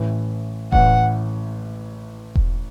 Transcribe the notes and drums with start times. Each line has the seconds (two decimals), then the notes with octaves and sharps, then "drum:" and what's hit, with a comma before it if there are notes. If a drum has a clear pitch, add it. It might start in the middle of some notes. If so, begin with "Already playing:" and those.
Already playing: A1 A2 E3
0.72 A1 A2 E3 F#5, drum: kick E1
2.35 drum: kick E1